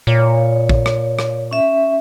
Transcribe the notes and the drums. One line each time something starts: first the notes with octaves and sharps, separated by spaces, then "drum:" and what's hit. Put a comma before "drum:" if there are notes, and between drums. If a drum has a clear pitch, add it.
A#2 C#5
drum: kick
drum: rim click
drum: rim click
C#4 E5